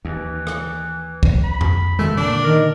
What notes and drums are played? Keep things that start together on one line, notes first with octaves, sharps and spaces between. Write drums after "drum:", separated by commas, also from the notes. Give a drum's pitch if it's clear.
D#2 E3
drum: rim click
drum: kick
B5
drum: tom F2
F#1 D#3 G#3 A3
A#2 D3 A#3 D4
D#3 A#4